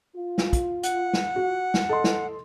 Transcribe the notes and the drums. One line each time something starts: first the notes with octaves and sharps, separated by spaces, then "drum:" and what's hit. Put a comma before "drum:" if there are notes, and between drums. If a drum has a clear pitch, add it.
F4
drum: snare
drum: kick, hi-hat
F#5, drum: hi-hat
drum: snare
F#4
drum: snare
A4 D#5 C6
drum: snare